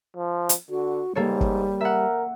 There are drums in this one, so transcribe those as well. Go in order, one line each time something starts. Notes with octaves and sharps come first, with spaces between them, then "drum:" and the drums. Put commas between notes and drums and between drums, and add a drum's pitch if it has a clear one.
F3
drum: hi-hat
D3 F#4
G#2 G3 A#3 A4 C#5
drum: kick
A#4 E5 F#5